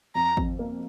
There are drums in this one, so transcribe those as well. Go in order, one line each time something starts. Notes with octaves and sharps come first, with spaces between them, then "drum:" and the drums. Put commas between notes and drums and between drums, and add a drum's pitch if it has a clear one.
F2 A#5
F2, drum: kick
A#3